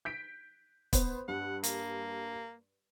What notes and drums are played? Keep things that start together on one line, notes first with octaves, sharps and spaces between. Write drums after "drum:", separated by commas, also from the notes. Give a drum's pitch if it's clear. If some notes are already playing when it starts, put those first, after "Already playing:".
G6 B6 D7
B3 C5, drum: kick, hi-hat
G2 F#5
A#3, drum: hi-hat